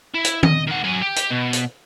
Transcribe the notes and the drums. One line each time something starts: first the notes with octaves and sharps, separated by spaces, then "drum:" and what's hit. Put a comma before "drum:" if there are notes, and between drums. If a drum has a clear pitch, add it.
E4
drum: hi-hat
D#5, drum: tom D#3
D#3 F#5
F#3 G#5
G4
drum: hi-hat
B2
drum: hi-hat